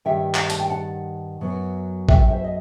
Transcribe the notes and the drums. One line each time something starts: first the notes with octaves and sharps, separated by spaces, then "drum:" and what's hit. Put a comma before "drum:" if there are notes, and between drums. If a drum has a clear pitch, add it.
G2 D#3 G3 E5 G5
drum: clap
A5, drum: hi-hat
G5
F#5 A5
F#2 F#3 B3
E5 G5, drum: kick A1
C5 E5
D#5